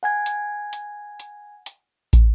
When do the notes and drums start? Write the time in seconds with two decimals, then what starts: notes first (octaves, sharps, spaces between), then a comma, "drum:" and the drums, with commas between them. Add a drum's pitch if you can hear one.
0.03 F#5 G#5 G#6
0.26 drum: hi-hat
0.73 drum: hi-hat
1.20 drum: hi-hat
1.66 drum: hi-hat
2.13 drum: kick, hi-hat